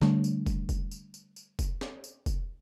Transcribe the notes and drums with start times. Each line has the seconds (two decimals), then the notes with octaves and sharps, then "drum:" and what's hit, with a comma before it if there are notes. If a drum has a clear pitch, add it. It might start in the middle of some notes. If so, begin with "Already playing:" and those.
0.02 D3 G3 A3 D4, drum: snare
0.24 drum: tambourine
0.46 drum: kick, tambourine
0.69 drum: kick, tambourine
0.91 drum: tambourine
1.14 drum: tambourine
1.36 drum: tambourine
1.59 drum: kick, tambourine
1.81 drum: snare
2.04 drum: tambourine
2.26 drum: kick, tambourine